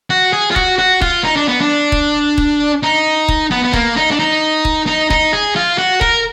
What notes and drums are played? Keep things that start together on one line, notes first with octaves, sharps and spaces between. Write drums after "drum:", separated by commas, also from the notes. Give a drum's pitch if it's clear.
F#4
G#4
F4
F#4, drum: kick D#1
F#4
F4, drum: kick D#1
D#4
D4
B3
D4
drum: kick D#1
drum: kick D#1
D#4
drum: kick D#1
B3
B3
A#3, drum: kick D#1
D#4
D4
D#4
drum: kick D#1
D#4
D#4, drum: kick D#1
G#4
F4
F#4
A#4, drum: kick D#1